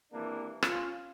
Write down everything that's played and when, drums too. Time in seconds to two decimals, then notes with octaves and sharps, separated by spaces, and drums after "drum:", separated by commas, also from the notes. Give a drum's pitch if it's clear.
0.12 G#1 C3 E3 A#3 D4
0.63 C#4 F4, drum: rim click